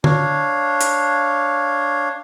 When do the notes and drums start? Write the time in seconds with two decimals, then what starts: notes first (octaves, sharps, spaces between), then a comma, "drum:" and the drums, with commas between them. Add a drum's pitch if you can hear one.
0.04 D4 C#5 F5, drum: tom D3
0.81 drum: hi-hat